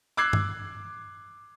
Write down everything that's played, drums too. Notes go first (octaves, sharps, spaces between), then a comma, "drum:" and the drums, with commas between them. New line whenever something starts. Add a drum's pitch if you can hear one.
D6 E6 F#6 G#6 C7
drum: tom G2